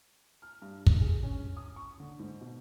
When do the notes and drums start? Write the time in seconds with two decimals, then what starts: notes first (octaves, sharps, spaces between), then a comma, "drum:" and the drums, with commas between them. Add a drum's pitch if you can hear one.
0.42 F6
0.62 G2
0.87 drum: kick
1.01 G#4
1.23 C#4
1.57 D#6
1.76 C#6
2.00 D3
2.19 G#2
2.41 B2